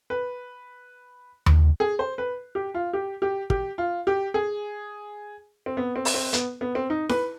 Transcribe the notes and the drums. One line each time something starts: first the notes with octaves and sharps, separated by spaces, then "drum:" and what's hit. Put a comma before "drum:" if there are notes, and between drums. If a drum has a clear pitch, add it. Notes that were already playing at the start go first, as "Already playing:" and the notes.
B4
drum: tom D#2
G#4
C5
B4
G4
F4
G4
G4
G4, drum: kick
F4
G4
G#4
C4
B3
C4
drum: open hi-hat
C4
B3, drum: hi-hat
B3
C4
D#4
B4, drum: snare E4